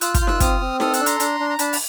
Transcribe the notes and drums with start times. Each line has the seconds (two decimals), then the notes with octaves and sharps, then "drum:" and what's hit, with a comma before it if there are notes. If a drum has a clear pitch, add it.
0.01 F4 E6 F#6, drum: hi-hat
0.14 F6 G6, drum: kick, hi-hat
0.21 F4
0.27 E6 F#6, drum: snare D#4
0.40 C4 D#6 F6, drum: kick, hi-hat
0.61 C4
0.80 A4 D#6 F6, drum: snare D#4
0.94 E6 F#6, drum: hi-hat
1.00 D4
1.06 A#5 C6, drum: hi-hat
1.20 D4, drum: hi-hat
1.40 D4
1.50 A#5
1.59 D4 A5 B5, drum: hi-hat
1.73 drum: open hi-hat